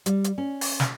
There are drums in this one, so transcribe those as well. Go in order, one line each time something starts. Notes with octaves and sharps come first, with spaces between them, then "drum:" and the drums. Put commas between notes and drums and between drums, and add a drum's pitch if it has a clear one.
G3, drum: hi-hat
drum: hi-hat
C#4
drum: open hi-hat
drum: snare